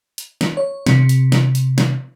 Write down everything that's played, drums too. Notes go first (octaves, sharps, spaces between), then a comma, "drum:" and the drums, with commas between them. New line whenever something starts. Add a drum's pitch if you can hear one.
drum: hi-hat
drum: snare
C#5
C3, drum: snare
drum: hi-hat
drum: snare
drum: hi-hat
drum: snare